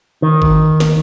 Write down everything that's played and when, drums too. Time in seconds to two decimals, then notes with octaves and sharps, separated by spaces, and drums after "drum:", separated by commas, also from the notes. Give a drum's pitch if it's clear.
0.22 D#3
0.42 drum: kick G#1
0.80 drum: snare